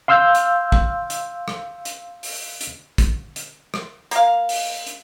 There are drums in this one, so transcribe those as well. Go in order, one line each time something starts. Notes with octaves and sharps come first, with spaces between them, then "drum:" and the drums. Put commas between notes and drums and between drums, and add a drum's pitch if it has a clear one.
F5 C6 E6 F6 G6
drum: hi-hat
drum: kick
drum: hi-hat
drum: rim click
drum: hi-hat
drum: open hi-hat
drum: hi-hat
drum: kick, hi-hat
drum: hi-hat
drum: rim click
A#3 F5, drum: hi-hat
drum: open hi-hat
drum: hi-hat